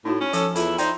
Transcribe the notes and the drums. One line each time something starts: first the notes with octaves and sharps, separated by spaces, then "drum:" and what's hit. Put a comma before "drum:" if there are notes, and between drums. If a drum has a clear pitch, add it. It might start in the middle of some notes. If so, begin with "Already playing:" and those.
A2 D#4 E4 F#4
C#4
F3 A4, drum: hi-hat
E2 E4 F4 A4, drum: hi-hat
D#4 C5 D5 G5, drum: hi-hat